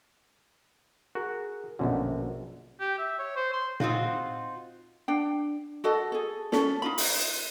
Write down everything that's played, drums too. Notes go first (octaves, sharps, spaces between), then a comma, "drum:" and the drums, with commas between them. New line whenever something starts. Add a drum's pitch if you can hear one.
F#4 G#4 A#4
A#1 F#2 B2 D3 C#4 F#4
G4
E5
C#5
C5
C6
C4 D#4 F4 F#4, drum: tom A#2
D4 G5
F#4 A4 D#5
G#4 A4
C#4 A4, drum: snare
D#4 F4 B5
drum: open hi-hat